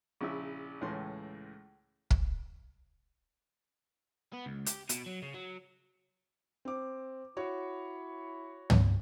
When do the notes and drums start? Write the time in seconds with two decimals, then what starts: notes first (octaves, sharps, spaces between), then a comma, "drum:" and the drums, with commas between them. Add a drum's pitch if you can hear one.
0.21 A#1 C#3 E4 E5
0.81 C#2 A2 E3 C6
2.11 drum: kick
4.34 B3
4.46 C#2
4.66 G4, drum: hi-hat
4.89 B2, drum: hi-hat
5.06 F#3
5.22 C#3
5.34 F#3
6.65 C4 D6
7.37 E4 F#4 C#5 C#6
8.70 drum: tom